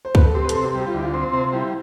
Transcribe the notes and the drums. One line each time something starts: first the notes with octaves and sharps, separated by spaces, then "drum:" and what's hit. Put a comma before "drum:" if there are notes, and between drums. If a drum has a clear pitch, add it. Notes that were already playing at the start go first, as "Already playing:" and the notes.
C5
B4, drum: kick C#2
A4
C4 G4
B4
A4, drum: hi-hat
C3
G4
G3 G4
F4
D2 E4
F4
C4
C3
G3 E4